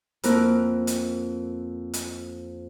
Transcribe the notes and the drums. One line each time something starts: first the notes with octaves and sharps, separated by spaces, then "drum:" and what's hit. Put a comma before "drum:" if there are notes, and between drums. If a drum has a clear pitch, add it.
F2 A#3 E4 A#4 F#6, drum: hi-hat
drum: hi-hat
drum: hi-hat